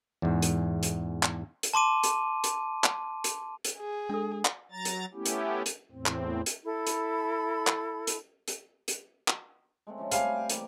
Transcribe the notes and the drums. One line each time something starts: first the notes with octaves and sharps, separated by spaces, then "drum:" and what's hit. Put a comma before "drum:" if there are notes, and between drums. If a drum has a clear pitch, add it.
E2 G#2
drum: hi-hat
drum: hi-hat
drum: clap
drum: hi-hat
A5 C6 D6 D#7
drum: hi-hat
drum: hi-hat
drum: clap
drum: hi-hat
drum: hi-hat
G#4
G#3 D4 A4
drum: clap
F#3 A#5 A6
drum: hi-hat
A3 B3 C#4 E4 G4
drum: hi-hat
drum: hi-hat
E2 A2 C4
drum: clap
drum: hi-hat
E4 A4 B5
drum: hi-hat
drum: clap
drum: hi-hat
drum: hi-hat
drum: hi-hat
drum: clap
G#3 A3 C4
C#3 F3 A3
G3 C4 F5 G#5, drum: hi-hat
G5
E3 A#3, drum: hi-hat